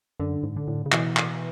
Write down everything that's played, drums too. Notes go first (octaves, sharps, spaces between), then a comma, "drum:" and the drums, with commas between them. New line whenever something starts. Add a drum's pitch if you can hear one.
F#2 D3
G#2
D3
A2
C#3
B2 E3, drum: clap
drum: clap